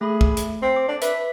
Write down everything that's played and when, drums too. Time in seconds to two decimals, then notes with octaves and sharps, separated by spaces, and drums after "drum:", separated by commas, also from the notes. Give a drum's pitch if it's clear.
0.01 A3 G#4 B5
0.21 drum: kick
0.37 drum: hi-hat
0.62 C4
0.76 D6
0.88 D4
1.02 B4 E5 B6, drum: hi-hat